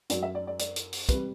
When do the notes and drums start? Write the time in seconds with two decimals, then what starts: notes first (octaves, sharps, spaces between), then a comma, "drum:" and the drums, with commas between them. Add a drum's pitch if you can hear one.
0.10 F#2 F#3 D5, drum: hi-hat
0.23 E5
0.35 D5
0.47 D5
0.59 D5, drum: hi-hat
0.76 drum: hi-hat
0.93 drum: open hi-hat
1.09 C3 G3 B4, drum: kick, hi-hat